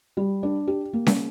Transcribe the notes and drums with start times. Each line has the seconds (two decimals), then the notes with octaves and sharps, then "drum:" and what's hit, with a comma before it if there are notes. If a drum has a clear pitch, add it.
0.17 G3
0.43 D4
0.67 G4
0.93 A#3
1.07 drum: snare C#4